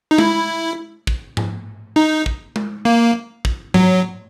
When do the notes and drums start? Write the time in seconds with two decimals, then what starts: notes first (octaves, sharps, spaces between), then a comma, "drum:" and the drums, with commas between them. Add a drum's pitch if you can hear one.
0.11 D#4
0.18 E4, drum: tom G#3
1.07 drum: kick
1.37 drum: tom G#2
1.96 D#4
2.26 drum: kick
2.56 drum: tom G#3
2.85 A#3
3.45 drum: kick
3.74 F#3, drum: tom G#2